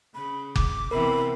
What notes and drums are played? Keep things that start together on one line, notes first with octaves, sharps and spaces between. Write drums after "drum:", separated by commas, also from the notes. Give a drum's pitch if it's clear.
C#3 B5
D6, drum: kick F#1
C3 E3 B3 A#4 B5